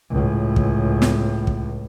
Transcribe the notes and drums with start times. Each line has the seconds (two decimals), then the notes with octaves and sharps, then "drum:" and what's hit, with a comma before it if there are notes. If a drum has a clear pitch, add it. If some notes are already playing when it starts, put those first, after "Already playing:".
0.11 C#2 A2
0.56 drum: kick
1.02 drum: snare
1.47 drum: kick